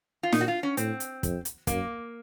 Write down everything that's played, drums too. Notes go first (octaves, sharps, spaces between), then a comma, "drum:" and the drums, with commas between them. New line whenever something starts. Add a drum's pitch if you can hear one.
F4
A#2 D#4, drum: snare
F#4
F4
C#4
A2 C4, drum: hi-hat
drum: hi-hat
F2, drum: kick, hi-hat
drum: hi-hat
F#2 A#3, drum: kick, hi-hat